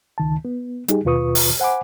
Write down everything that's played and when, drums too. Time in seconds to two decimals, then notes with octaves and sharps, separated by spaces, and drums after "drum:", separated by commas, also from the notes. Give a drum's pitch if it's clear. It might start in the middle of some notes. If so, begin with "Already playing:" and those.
0.18 C#2 D#3 A5
0.45 B3
0.88 G3 D#4 G4 G#4, drum: hi-hat
1.05 D#2 B2 F4 B4 C#6 D#6
1.35 drum: open hi-hat
1.60 C5 F#5 G#5 B5 D6